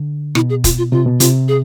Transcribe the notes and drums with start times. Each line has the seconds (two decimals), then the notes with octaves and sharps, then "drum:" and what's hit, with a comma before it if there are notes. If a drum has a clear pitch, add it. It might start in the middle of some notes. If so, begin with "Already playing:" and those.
Already playing: D3
0.35 B2 E4, drum: rim click
0.50 G#4
0.64 F4, drum: kick E1, hi-hat
0.78 F4
0.92 C3 F4
1.06 B2
1.20 C3 F4, drum: hi-hat
1.48 G#4